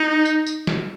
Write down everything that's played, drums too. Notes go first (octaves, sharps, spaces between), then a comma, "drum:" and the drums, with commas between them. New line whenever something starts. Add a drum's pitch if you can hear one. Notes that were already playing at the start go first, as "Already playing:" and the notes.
Already playing: D#4
drum: tambourine
drum: tambourine
drum: snare